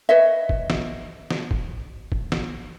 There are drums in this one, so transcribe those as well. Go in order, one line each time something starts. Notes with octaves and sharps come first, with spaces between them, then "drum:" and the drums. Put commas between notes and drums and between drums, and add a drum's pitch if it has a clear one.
B4 C#5 D#5 E5
drum: kick
drum: snare
drum: snare
drum: kick
drum: kick
drum: snare